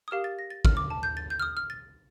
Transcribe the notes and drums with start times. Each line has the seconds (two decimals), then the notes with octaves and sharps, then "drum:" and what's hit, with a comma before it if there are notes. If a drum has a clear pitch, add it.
0.08 D#6
0.11 G4 A#4 F5 F6
0.24 A6
0.39 A#6
0.50 A6
0.65 F6, drum: kick
0.77 D6
0.90 A5
1.03 G6
1.17 A6
1.30 G6
1.40 F6
1.42 D#6
1.57 F6
1.70 A6